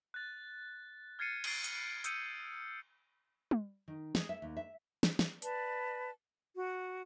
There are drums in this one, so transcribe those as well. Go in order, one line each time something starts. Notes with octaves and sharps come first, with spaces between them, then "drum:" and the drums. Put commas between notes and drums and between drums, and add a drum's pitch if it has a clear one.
F#6 A6
F6 G#6 A6 C7 C#7 D#7
A6 C7 D7 D#7 G7, drum: cymbal
drum: hi-hat
D#6 E6 G6 C#7 D#7, drum: hi-hat
drum: tom
D#3
G#3, drum: snare
E5
D#2
E5
drum: snare
drum: snare
B4 D5 A5, drum: hi-hat
F#4